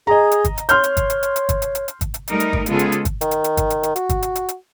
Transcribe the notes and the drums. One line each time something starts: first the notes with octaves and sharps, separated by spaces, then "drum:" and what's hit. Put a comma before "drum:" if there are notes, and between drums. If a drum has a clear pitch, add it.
G#4 D#5 A#5
drum: hi-hat
drum: kick, hi-hat
drum: hi-hat
C#5 C6 F6 G6, drum: hi-hat
drum: hi-hat
drum: kick, hi-hat
drum: hi-hat
drum: hi-hat
drum: hi-hat
drum: kick, hi-hat
drum: hi-hat
drum: hi-hat
drum: hi-hat
drum: kick, hi-hat
drum: hi-hat
G3 A3 D#4 A#4, drum: hi-hat
drum: hi-hat
drum: kick
C#3 G#3 B3 F4 G#4 A4, drum: hi-hat
drum: hi-hat
drum: hi-hat
drum: kick, hi-hat
D#3, drum: hi-hat
drum: hi-hat
drum: hi-hat
drum: kick, hi-hat
drum: hi-hat
drum: hi-hat
F#4, drum: hi-hat
drum: kick, hi-hat
drum: hi-hat
drum: hi-hat
drum: hi-hat